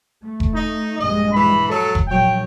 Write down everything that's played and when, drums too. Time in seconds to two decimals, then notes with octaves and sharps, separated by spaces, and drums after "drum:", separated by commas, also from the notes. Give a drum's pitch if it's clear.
0.21 A3
0.40 drum: kick F1
0.54 D#4
0.98 A#1 G2 G#3 D#5
1.32 E3 B5
1.69 F#3 A4
1.95 drum: kick F1
2.08 A#1 F#3 C#5 G5